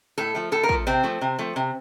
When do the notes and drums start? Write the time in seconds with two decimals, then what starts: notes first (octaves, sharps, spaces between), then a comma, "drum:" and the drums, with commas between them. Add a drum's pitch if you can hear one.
0.18 A2 A4
0.35 F3 A3
0.52 A2 A4
0.63 A#4
0.69 F3 A3, drum: kick
0.87 C3 C4
1.03 F3 A3
1.21 C3
1.39 F3 A3
1.56 C3